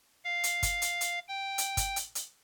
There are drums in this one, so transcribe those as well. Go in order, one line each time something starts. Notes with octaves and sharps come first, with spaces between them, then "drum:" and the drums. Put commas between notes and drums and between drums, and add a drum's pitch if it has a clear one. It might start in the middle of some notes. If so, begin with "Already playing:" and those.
F5
drum: hi-hat
drum: kick, hi-hat
drum: hi-hat
drum: hi-hat
G5
drum: hi-hat
drum: kick, hi-hat
drum: hi-hat
drum: hi-hat